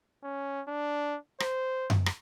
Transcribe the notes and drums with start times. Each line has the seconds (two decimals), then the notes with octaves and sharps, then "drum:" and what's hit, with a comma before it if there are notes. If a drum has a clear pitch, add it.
0.23 C#4
0.68 D4
1.40 C5, drum: rim click
1.90 drum: tom F#2
2.06 drum: rim click